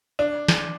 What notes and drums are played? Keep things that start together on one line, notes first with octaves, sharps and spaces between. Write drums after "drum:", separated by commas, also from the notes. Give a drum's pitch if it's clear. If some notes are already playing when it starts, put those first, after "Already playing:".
D4
drum: snare